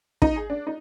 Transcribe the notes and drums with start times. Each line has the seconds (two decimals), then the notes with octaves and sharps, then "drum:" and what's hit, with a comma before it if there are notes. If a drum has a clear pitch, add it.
0.22 D#4, drum: kick
0.36 G#4
0.50 D4
0.67 D#4